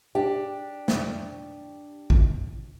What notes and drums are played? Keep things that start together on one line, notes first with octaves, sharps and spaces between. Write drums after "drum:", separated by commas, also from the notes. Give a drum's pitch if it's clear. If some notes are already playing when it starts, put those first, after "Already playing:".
D4 G4
drum: snare
drum: kick G#1